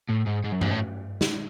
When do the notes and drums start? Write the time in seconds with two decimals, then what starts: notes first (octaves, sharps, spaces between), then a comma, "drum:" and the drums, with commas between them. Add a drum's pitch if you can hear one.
0.10 A2
0.27 G#2
0.45 G#2
0.52 F#2
0.61 G#2, drum: tom G2
0.71 A2
1.21 drum: snare